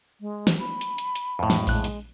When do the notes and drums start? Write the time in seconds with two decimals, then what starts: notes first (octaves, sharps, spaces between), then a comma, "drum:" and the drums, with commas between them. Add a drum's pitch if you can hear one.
0.21 G#3
0.47 drum: snare
0.58 B5
0.81 drum: hi-hat
0.98 drum: hi-hat
1.15 drum: hi-hat
1.39 F2 A2
1.50 drum: snare
1.67 A#1 G#3 F#6, drum: open hi-hat
1.84 drum: hi-hat